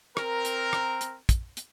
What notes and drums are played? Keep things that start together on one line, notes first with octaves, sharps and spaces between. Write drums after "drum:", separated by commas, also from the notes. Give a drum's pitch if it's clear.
C4 A#4, drum: rim click
drum: hi-hat
drum: rim click
drum: hi-hat
drum: kick, hi-hat
drum: hi-hat